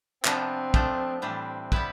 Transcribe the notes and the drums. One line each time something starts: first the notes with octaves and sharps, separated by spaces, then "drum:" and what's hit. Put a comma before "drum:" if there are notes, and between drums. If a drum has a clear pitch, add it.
C3 F3 B3 C4 D4, drum: clap
F3 A3 D4, drum: kick
A2 E3 G3 C4 D4
G3 B3 E4 B4, drum: kick